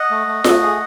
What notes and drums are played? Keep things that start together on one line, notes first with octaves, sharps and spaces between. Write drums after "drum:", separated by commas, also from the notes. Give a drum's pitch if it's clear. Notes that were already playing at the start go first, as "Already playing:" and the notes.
Already playing: D#5 F#5
A3
A3
A3, drum: snare F4
G#4